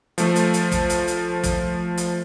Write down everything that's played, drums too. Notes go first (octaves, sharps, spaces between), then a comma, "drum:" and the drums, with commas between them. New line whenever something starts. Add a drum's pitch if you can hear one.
F3 A3, drum: hi-hat
drum: hi-hat
drum: hi-hat
drum: kick, hi-hat
drum: hi-hat
drum: hi-hat
drum: kick, hi-hat
drum: hi-hat